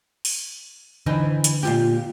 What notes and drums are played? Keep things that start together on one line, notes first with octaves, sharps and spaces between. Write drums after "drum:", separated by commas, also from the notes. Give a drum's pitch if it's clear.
drum: open hi-hat
D3 E3 C4 D#4
drum: hi-hat
A#2 F4 G4